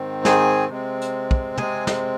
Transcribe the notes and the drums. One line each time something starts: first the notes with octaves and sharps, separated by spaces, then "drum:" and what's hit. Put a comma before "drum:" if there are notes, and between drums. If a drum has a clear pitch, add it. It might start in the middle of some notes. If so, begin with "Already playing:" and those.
Already playing: G#2 D#3 C4
G#4 G#5, drum: snare
C3 G#3 C4
drum: hi-hat
drum: kick
C3 G#3 C4 G#4 G#5, drum: tom
drum: snare